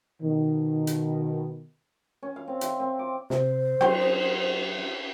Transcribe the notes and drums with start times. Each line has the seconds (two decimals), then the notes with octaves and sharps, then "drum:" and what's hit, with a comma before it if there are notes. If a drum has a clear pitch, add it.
0.22 B2 D#3
0.87 drum: hi-hat
2.23 C#4
2.36 F5
2.48 C4
2.61 E5, drum: hi-hat
2.80 C4
2.99 D6
3.30 C3 C5, drum: snare
3.81 F#3 G5 C6, drum: cymbal